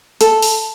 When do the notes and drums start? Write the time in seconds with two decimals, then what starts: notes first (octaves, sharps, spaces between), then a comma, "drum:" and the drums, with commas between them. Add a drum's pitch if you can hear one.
0.21 A4, drum: hi-hat
0.42 drum: open hi-hat